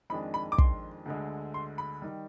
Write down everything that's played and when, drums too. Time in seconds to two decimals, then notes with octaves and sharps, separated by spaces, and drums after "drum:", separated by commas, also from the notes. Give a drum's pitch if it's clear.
0.10 F2 D#3 G#3 D4 B5
0.34 B5
0.52 D6
0.58 C6, drum: kick
1.06 D2 D3 G#3
1.54 C6
1.78 B5
2.02 D#3 G3